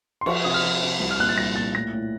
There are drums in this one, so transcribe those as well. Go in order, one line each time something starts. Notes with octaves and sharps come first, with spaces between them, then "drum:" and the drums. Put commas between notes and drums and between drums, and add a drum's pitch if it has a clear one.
C6
F3 C#6, drum: cymbal
C3 D#6
F6
F3
C3
C2
F6
A#2 F#6
A6
C2 A#6
A#2 A6
A2 A#6
A2